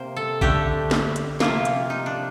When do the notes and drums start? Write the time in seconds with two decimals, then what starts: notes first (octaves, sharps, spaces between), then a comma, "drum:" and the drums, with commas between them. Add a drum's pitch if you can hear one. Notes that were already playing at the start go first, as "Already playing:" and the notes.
Already playing: C3 A#3 C5
0.16 A4
0.41 D3 A3 G4, drum: kick A#1
0.91 drum: snare
1.16 drum: hi-hat
1.40 C3 F3 A#3 F4, drum: snare
1.65 drum: hi-hat
1.90 D#4
2.06 D4